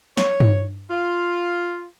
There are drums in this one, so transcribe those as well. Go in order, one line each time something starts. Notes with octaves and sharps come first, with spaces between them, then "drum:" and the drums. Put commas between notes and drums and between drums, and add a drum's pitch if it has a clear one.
C#5, drum: snare
drum: tom G2
F4